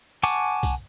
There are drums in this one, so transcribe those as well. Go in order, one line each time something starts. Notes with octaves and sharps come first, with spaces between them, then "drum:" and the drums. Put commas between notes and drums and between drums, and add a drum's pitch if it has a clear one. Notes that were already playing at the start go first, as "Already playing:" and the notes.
F#5 G#5 A5 C#6 D6, drum: tambourine
drum: kick, tambourine